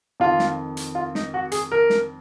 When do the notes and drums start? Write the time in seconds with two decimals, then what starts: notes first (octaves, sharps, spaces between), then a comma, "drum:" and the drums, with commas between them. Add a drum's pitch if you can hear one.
0.20 F2 D#3 F4
0.39 drum: snare
0.77 drum: hi-hat
0.95 F4
1.15 D#4, drum: snare
1.34 F#4
1.52 G#4, drum: hi-hat
1.72 A#4
1.90 drum: snare